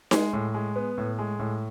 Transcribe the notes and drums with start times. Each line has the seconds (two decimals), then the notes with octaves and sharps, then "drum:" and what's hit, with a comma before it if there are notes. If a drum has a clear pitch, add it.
0.11 G#3, drum: snare D#4
0.33 A2
0.54 G#3
0.76 B3
0.98 A2
1.19 G#3
1.39 A2